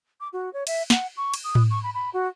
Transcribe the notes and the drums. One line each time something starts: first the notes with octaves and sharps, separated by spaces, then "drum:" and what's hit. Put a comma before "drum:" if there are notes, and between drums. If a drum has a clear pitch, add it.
D6
F#4
C#5
E5, drum: cymbal
F#5, drum: snare
C#6
drum: cymbal
D#6
drum: tom A2
C#6
B5
B5
F#4